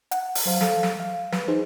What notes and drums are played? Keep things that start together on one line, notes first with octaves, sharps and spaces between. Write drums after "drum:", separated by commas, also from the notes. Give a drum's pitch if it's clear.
F#5, drum: hi-hat
drum: open hi-hat
F#3 C5 F5
A4 F5, drum: snare
drum: snare
F5
B4, drum: snare
D#4 G#4 C5